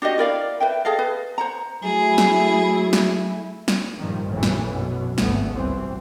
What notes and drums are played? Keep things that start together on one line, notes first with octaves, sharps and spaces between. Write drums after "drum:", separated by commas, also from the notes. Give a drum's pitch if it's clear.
D4 F#4 G4 D#5
E4 A#4 D5 F5
B4 E5 G5
G#4 A4 D#5 F5
B4
C5 F#5 A#5
F#3 A3 E4 G#4
drum: snare
drum: snare
drum: snare
G2 A#2 D#3 F3 G3
A#1 F#2 A2 E3 A3
drum: snare
F#2 B2
G#1 D2 A2 A3 B3, drum: snare
C2 F#2 E3 C4